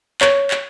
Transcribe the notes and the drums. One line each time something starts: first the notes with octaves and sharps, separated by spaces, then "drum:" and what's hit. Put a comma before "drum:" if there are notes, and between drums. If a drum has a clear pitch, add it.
C#5, drum: clap
drum: clap